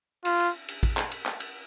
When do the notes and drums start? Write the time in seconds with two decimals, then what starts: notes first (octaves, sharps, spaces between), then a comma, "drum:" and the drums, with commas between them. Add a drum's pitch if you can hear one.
0.25 F4, drum: cymbal
0.40 drum: cymbal
0.69 drum: cymbal
0.83 drum: kick A1, cymbal
0.97 drum: clap
1.12 drum: cymbal
1.26 drum: clap
1.40 drum: cymbal